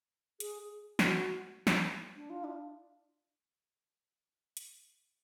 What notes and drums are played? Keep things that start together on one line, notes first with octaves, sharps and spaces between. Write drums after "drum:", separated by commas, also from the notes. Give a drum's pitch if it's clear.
G#4, drum: hi-hat
F#4, drum: snare
drum: snare
D4
F4
D4
drum: hi-hat